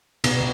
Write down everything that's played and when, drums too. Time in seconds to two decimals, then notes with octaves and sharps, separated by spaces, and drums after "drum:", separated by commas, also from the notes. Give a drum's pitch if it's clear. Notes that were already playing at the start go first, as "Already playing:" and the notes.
0.24 B2, drum: cymbal